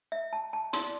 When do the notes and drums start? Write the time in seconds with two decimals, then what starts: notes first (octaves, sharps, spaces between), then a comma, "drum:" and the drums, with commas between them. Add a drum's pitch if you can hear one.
0.12 E5
0.33 A5
0.53 A5
0.73 D5 C6, drum: hi-hat